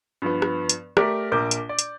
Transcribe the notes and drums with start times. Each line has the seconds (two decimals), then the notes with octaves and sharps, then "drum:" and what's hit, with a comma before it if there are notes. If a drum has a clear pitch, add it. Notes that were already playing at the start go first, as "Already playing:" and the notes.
0.22 G2 F3 B3
0.42 drum: rim click
0.69 drum: hi-hat
0.97 A3 G4 A#4 D5, drum: rim click
1.32 A#1 A#4 D6 G6
1.51 drum: hi-hat
1.69 D5
1.79 drum: hi-hat